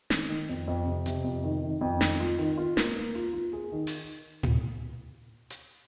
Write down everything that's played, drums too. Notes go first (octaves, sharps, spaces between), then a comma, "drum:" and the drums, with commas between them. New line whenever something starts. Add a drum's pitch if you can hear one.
D#3, drum: snare
D#3
F2
F2
C3
C3, drum: hi-hat
F2
D#3
D#3
F2
D#3, drum: snare
F4
D#3
F4
A#3, drum: snare
A#3
F4
F4
G#4
D#3
drum: open hi-hat
drum: tom A2
drum: hi-hat